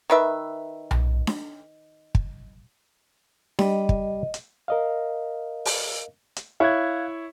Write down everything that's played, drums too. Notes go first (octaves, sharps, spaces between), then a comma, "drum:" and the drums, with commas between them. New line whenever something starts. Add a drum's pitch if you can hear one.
D#3 B4 E5
drum: tom B1
drum: snare D4
drum: kick
G3 D#5, drum: snare D4
drum: kick
drum: hi-hat
A#4 D#5 F5
drum: open hi-hat
drum: hi-hat
E4 C#5 F5 F#6 G#6